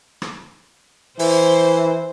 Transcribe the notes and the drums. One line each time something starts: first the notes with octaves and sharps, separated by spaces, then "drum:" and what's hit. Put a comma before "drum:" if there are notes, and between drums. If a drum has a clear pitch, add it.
drum: rim click
E3 C5, drum: open hi-hat